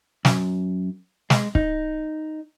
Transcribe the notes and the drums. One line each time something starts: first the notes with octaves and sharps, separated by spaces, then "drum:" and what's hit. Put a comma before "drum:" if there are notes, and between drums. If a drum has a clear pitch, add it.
F#2, drum: snare
G#3, drum: snare
D#4, drum: kick